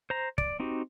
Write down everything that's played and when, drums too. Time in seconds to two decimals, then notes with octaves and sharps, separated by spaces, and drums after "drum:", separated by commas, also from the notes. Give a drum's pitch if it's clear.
0.10 C5 A#5
0.38 D5, drum: kick
0.60 C4 D#4 F#4 G4